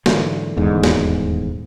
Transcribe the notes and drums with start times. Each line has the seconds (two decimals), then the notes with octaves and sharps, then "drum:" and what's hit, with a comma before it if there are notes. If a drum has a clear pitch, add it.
0.06 G#2 D3 E3 F#3, drum: snare
0.57 D#1 E2 G#2 D3
0.83 drum: snare